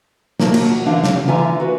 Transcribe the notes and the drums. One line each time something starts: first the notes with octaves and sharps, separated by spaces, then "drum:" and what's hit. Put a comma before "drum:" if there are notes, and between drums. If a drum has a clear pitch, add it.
A#2 F3 A#3, drum: snare
D#2 F#4, drum: cymbal
D3 E3 D4 F5
C#3, drum: snare
D3 E3 F4 E5 G#5 A#5
F#4 B4